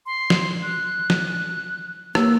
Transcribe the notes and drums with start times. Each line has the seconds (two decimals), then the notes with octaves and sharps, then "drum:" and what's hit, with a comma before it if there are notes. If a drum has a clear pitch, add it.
0.06 C6
0.30 drum: snare
0.63 F#6
1.10 drum: snare
2.15 A#3 E6, drum: rim click